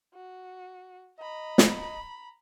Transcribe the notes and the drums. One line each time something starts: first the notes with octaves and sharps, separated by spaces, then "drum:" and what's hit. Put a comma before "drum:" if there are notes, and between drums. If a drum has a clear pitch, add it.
F#4
D#5 A#5 B5
drum: snare